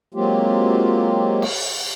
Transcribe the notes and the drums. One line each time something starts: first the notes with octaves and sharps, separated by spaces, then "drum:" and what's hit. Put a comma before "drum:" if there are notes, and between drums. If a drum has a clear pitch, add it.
F#3 G#3 A#3 C4 F4 G4
drum: cymbal